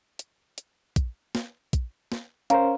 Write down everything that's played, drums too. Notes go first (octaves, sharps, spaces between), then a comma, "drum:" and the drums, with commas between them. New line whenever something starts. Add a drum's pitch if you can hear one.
drum: hi-hat
drum: hi-hat
drum: kick A#1, hi-hat
drum: snare
drum: kick A#1, hi-hat
drum: snare
C#4 A#4 C5 F5 A#5, drum: hi-hat